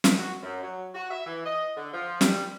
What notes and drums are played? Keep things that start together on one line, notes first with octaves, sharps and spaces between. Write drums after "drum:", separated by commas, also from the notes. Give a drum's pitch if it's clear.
drum: snare
F#4
F#2
F#3
F#4
E5
E3
D#5
D3
F3
G3, drum: snare